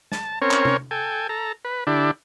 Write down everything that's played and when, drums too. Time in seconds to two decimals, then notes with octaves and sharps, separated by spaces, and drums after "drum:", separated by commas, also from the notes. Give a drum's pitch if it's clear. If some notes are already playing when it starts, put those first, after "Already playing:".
0.12 A5, drum: snare
0.42 C4 C#4 A#4 C#5
0.51 drum: clap
0.65 drum: tom C3
0.91 A4 G5 G#5
1.29 A4 A#5
1.65 B4
1.87 D3 D4 E4 G4